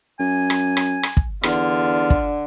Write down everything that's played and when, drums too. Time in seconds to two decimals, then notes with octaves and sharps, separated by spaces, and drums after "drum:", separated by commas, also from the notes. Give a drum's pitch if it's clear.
0.20 F#2 G#5
0.50 drum: rim click
0.77 drum: rim click
1.03 drum: rim click
1.17 drum: kick
1.43 E2 D3 F4, drum: rim click
2.10 drum: kick